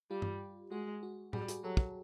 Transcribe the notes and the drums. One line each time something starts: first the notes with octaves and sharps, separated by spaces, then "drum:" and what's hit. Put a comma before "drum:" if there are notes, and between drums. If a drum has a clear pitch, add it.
G3 F4 G4
drum: tom G2
G#3 F#4
F#4
G3 F#4 G#4, drum: tom A2
F#4 G#4, drum: hi-hat
F#3 G4 A4
drum: kick